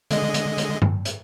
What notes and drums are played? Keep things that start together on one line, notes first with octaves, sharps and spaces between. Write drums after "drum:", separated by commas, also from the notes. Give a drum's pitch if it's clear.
D3 G#3 D#5, drum: hi-hat
drum: hi-hat
drum: hi-hat
drum: tom G2
drum: hi-hat